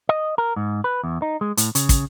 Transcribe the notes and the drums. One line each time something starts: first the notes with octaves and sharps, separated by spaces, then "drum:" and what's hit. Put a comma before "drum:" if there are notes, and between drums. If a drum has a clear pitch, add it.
D#5
A#4
G#2
B4
E2
D#4
G#3
A2, drum: hi-hat
C#3, drum: hi-hat
drum: kick, hi-hat